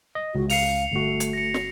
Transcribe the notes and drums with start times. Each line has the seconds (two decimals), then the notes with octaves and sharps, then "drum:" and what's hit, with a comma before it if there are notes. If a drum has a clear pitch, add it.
0.15 D#5
0.35 C#2 F#4
0.50 F5 C7 C#7 F7, drum: open hi-hat
0.92 G1 A3 F#4
1.20 drum: hi-hat
1.33 A#6 C#7
1.54 drum: snare